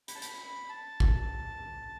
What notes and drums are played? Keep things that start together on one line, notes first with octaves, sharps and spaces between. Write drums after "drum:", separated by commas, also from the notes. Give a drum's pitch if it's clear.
B5, drum: hi-hat
A5
B5, drum: hi-hat
B5
A5
drum: kick